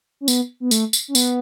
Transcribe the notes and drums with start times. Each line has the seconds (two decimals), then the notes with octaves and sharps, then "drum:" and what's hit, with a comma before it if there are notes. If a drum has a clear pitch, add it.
0.21 C#4
0.28 B3, drum: tambourine
0.60 B3
0.71 A3, drum: tambourine
0.93 drum: tambourine
1.08 C#4
1.15 B3, drum: tambourine